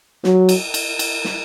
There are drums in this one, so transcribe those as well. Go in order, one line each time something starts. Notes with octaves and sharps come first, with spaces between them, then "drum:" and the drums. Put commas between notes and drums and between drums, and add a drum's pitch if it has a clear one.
F#3, drum: snare
drum: cymbal
drum: cymbal
drum: cymbal
drum: snare